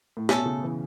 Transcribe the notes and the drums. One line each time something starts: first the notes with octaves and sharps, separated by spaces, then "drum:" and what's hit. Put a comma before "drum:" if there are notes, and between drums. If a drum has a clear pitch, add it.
A2
B2 A3 C#4 A4, drum: snare
C#3
E3